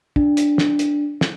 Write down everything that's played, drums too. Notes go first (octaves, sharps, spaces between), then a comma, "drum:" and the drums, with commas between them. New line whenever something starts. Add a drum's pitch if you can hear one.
D4, drum: kick
drum: hi-hat
drum: snare
drum: hi-hat
drum: snare